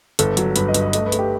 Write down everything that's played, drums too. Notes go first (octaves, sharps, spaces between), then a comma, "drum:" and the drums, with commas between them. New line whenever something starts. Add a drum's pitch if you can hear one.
G1 A4, drum: hi-hat
F#3, drum: hi-hat
G2 B4, drum: hi-hat
D#5
G2, drum: hi-hat
D#5
A3 D#5, drum: hi-hat
B4
A3, drum: hi-hat
G4